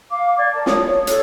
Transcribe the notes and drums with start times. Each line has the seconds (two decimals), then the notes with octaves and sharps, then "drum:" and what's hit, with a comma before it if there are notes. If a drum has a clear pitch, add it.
0.09 F5 D6
0.37 D5 G#6
0.53 A#4 A5
0.66 C#5 D#6, drum: snare
0.85 C#5
1.07 A4 C#5, drum: hi-hat